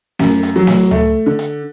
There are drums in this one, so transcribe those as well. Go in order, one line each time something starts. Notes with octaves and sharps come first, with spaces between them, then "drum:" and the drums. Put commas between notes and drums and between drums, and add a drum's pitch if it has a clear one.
F#2, drum: snare
drum: hi-hat
F#3
drum: snare
A3, drum: tom C#2
D3
drum: hi-hat